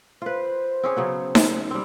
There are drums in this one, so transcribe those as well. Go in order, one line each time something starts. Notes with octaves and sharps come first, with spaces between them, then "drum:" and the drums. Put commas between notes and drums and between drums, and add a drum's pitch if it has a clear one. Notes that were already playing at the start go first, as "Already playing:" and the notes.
F4 B4 C5
C4 C#4 G#4
C#3 F#3 B3
drum: snare D#4
G3 C4